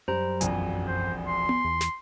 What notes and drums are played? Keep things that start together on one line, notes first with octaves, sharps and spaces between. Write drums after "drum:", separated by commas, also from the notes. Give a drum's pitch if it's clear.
F#2 G3 C5 A#5
E1 A#1 F2 G#5, drum: hi-hat
C5
C6
drum: tom B3
E2
drum: snare